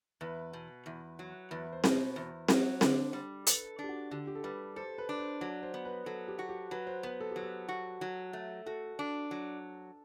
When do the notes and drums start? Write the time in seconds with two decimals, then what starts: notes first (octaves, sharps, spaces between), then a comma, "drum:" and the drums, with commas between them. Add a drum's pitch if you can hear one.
0.21 E2 B4
0.53 B2
0.86 E2
1.19 F#3
1.51 E2 B4
1.73 C5
1.84 B2, drum: snare C4
1.95 C5
2.16 E2
2.48 F#3, drum: snare C4
2.81 D3, drum: snare C4
3.13 G3
3.47 A4 B4, drum: hi-hat
3.79 D4 G4
3.89 F#4
4.11 D3 G4
4.27 G4
4.35 A4
4.43 G3 B4
4.76 A4 C5
4.98 B4
5.09 D4
5.19 C5
5.41 F#3 D5
5.63 C5
5.74 B3
5.85 B4
6.06 F#3 A4
6.28 G4
6.39 F#4
6.49 G4
6.71 F#3 B4
6.87 C5
7.03 B3 B4
7.20 A4
7.31 F#3 G4
7.43 A4
7.68 F#4
8.01 F#3
8.33 A3
8.66 F#4 A4
8.99 D4
9.31 F#3